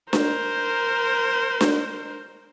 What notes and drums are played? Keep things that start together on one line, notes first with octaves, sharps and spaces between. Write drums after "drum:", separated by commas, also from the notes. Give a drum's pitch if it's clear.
A#4 C5, drum: snare D4
drum: snare D4